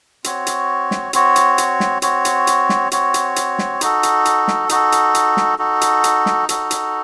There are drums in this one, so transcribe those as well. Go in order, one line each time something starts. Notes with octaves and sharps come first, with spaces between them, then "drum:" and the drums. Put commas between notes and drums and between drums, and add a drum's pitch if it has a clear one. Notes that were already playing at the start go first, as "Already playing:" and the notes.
C4 F#4 C#5, drum: hi-hat
drum: hi-hat
drum: snare
C4 F#4 C#5, drum: hi-hat
drum: hi-hat
drum: hi-hat
drum: snare
C4 F#4 C#5, drum: hi-hat
drum: hi-hat
drum: hi-hat
drum: snare
C4 F#4 C#5, drum: hi-hat
drum: hi-hat
drum: hi-hat
drum: snare
D#4 F#4 A4, drum: hi-hat
drum: hi-hat
drum: hi-hat
drum: snare
D#4 F#4 A4, drum: hi-hat
drum: hi-hat
drum: hi-hat
drum: snare
D#4 F#4 A4
drum: hi-hat
drum: hi-hat
drum: snare
D#4 F#4 A4, drum: hi-hat
drum: hi-hat